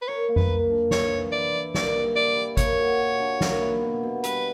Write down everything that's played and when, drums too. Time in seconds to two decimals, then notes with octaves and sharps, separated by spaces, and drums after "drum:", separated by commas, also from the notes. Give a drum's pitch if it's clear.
0.02 B4
0.08 A#4 C#5
0.28 A#3
0.36 B4, drum: tom F2
0.49 A#3
0.70 D4
0.91 E3 C#5, drum: snare
1.12 E3
1.32 E4 D5
1.53 E4
1.74 A#3 D5, drum: snare
1.95 G3
2.16 E4 D5
2.37 G3
2.57 A#3 C#5, drum: kick, hi-hat
2.78 F#4
2.99 F#4
3.20 D4
3.41 A#3, drum: snare
3.61 E4
3.82 B2
4.03 B2
4.23 G3 B4, drum: hi-hat